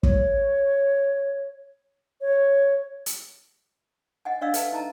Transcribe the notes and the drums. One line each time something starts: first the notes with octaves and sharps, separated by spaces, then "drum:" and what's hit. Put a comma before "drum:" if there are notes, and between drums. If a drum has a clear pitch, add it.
C#5, drum: kick
C#5
drum: hi-hat
D#5 F#5 G#5
D4 D5 D#5 F5 E6
A4 B4 E5 F5 A5, drum: hi-hat
D#4 D#5 A5 A#5